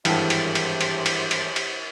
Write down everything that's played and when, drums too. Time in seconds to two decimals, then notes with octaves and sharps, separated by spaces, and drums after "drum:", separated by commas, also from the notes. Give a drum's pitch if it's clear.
0.05 G#1 G2 E3 E4 G4 C5 G5 A5, drum: cymbal
0.30 drum: cymbal
0.55 drum: cymbal
0.81 drum: cymbal
1.06 drum: cymbal
1.31 drum: cymbal
1.56 drum: cymbal